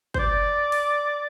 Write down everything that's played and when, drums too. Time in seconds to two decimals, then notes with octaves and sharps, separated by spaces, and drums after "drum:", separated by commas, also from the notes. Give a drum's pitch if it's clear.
0.14 C5, drum: kick
0.19 D5
0.72 drum: open hi-hat